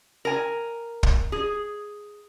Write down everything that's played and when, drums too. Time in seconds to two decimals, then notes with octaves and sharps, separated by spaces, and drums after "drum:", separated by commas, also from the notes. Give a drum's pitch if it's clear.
0.25 A#4 G#5
1.03 drum: kick
1.32 G#4